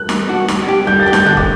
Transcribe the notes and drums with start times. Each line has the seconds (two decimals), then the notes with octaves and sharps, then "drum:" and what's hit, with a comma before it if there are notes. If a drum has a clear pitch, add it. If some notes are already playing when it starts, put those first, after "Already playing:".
Already playing: F#6
0.09 G3, drum: snare D#4
0.28 D4 F#4
0.48 G3, drum: snare D#4
0.68 D4 G4
0.87 G3 G6
1.00 A6
1.06 D4 G4
1.13 G6, drum: snare D#4
1.26 D3 F#6
1.37 D6, drum: kick